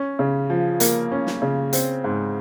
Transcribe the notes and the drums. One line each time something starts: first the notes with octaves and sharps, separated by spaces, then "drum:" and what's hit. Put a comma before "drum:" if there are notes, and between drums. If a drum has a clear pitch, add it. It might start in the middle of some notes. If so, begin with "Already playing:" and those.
Already playing: C#4
C#3
F3
A#3, drum: hi-hat
C#4
drum: snare
C#3
C4, drum: hi-hat
G#2